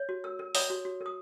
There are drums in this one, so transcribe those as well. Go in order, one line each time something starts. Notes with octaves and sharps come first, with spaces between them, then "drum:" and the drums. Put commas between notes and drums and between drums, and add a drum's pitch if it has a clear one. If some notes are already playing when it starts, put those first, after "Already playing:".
Already playing: C#5
F#4
A#4 E6
A#4
C#5 D#6, drum: open hi-hat
F#4
F#4
A#4
D#6